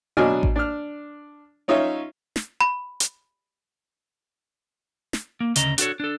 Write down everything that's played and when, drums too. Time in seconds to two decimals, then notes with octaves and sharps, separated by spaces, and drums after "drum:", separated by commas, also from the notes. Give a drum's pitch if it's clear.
0.17 B2 F#3 D4 D#5 G#5 F6
0.43 drum: kick A1
0.56 D4 F6
1.68 C#4 D#4 F4 C#5 E5
2.36 drum: snare
2.61 B5
3.00 drum: hi-hat
5.13 drum: snare
5.40 A#3
5.56 D2 C#3 D#5 A#5, drum: hi-hat
5.78 D4 F#4 A4 C#5, drum: hi-hat
6.00 D4 A4